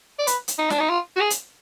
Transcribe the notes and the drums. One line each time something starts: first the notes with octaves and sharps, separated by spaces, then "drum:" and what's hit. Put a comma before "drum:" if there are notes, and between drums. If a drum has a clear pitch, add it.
D5
B4, drum: hi-hat
drum: hi-hat
D#4
D4, drum: snare
D#4
F4
F#4
G#4
drum: hi-hat